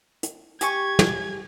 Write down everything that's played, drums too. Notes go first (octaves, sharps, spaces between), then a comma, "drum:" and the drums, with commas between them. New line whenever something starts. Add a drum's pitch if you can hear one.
drum: hi-hat
G4 G#5 C#6 G#6, drum: hi-hat
drum: tom